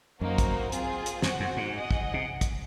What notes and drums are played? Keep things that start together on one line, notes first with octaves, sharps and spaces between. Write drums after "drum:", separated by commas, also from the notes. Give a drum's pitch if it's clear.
F#2 A#3 D#4 F#4 C5
drum: kick, hi-hat
C4 F4 G#4, drum: hi-hat
drum: hi-hat
F2 F#4 C5 F#5, drum: snare
F#2
G#2
G#4 D#5 F#5
drum: kick
C3
drum: kick, hi-hat